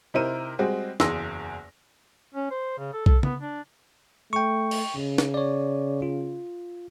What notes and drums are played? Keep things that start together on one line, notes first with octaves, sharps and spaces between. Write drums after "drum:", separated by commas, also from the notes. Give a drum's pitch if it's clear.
C3 D#4 E4 A#4 C5 D#7
G3 G#3 C4 F#4 G#4
F#1 E2 G#4 C6 E6 A#6, drum: snare
C#4
C5
C#3
A4
A4, drum: kick B1
B3, drum: tom C#3
D4
A3 G5 C#6
drum: cymbal
C#3
drum: snare
C#5 D5
F4